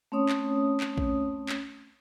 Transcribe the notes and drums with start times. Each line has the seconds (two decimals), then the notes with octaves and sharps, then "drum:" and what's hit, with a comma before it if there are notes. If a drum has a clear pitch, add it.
0.12 A3 C4 C#4 C#5 D#6
0.29 drum: clap
0.80 drum: clap
0.98 drum: kick A#1
1.49 drum: clap